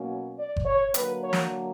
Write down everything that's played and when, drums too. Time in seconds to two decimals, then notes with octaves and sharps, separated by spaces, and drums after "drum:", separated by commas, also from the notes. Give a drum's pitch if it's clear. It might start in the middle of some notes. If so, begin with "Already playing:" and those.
Already playing: B2 F#3 A#3 C#4
0.37 D5
0.56 drum: kick G1
0.66 C#5
0.94 D3 F#3 A#3 B4, drum: hi-hat
1.23 C#5
1.33 drum: snare